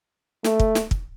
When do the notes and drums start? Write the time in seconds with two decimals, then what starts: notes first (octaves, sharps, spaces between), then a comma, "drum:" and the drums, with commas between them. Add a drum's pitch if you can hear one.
0.44 A3, drum: snare
0.60 drum: kick
0.75 drum: snare
0.91 drum: kick